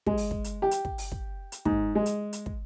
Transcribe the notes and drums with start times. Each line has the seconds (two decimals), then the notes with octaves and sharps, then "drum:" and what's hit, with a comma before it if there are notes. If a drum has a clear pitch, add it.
0.06 G#3, drum: kick
0.17 drum: open hi-hat
0.31 drum: kick
0.44 drum: hi-hat
0.62 G4
0.71 drum: hi-hat
0.85 drum: kick
0.98 drum: open hi-hat
1.12 drum: kick
1.52 drum: hi-hat
1.65 G#2, drum: kick
1.95 G#3
2.06 drum: hi-hat
2.33 drum: hi-hat
2.46 drum: kick